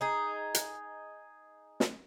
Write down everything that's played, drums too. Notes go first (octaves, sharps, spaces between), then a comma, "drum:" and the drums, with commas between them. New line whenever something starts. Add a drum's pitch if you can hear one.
D#4 G#4
drum: hi-hat
drum: snare